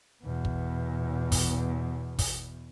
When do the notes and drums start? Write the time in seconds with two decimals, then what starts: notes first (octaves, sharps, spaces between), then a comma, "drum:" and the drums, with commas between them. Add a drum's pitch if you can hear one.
0.23 E2 B2
0.45 drum: kick
1.32 drum: kick, open hi-hat
2.19 drum: kick, open hi-hat